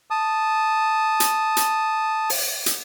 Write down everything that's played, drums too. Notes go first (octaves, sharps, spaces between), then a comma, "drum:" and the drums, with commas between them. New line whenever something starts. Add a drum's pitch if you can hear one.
A5 D#6
drum: hi-hat
drum: hi-hat
drum: open hi-hat
drum: hi-hat